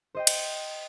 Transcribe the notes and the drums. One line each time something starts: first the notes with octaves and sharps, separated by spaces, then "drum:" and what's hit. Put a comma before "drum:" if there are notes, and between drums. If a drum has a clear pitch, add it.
C5 D#5 G5
drum: cymbal